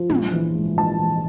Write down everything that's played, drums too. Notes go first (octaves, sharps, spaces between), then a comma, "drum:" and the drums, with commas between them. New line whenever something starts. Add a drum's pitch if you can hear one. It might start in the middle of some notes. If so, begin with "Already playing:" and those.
Already playing: F3
A#1, drum: tom
E3
G#2
A#1 A5
E3